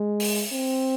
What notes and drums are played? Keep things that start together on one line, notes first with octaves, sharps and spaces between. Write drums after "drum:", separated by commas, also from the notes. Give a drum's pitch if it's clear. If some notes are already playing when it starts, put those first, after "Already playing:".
Already playing: G#3
drum: open hi-hat
C4